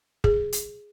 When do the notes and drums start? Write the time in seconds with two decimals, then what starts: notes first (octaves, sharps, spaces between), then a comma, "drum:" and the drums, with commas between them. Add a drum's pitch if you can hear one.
0.24 G#4, drum: kick
0.52 drum: hi-hat